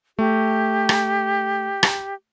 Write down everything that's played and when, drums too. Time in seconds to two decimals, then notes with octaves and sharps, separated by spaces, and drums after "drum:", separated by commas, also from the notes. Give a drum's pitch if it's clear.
0.19 A3 G4
0.89 drum: rim click
1.83 drum: rim click